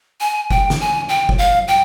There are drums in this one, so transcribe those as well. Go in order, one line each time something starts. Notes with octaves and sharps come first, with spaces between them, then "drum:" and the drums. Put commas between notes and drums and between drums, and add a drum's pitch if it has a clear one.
G#5
G5, drum: kick F#1
drum: snare
G#5
G5
drum: kick F#1
F5
G5